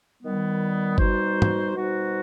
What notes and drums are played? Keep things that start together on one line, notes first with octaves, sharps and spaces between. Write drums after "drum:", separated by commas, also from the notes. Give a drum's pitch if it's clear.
D#3 G3 B3
B2 G3 D#4 F#4 C5, drum: kick G1
drum: tom
B2 G3 D#4 F#4 C5